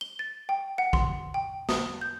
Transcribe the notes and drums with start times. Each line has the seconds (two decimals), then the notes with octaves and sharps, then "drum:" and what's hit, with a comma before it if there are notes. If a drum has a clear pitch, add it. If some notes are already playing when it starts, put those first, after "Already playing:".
0.01 G7
0.19 A6
0.49 G5
0.78 F#5
0.93 C6, drum: kick
1.34 G5
1.69 D#6, drum: snare
2.01 G6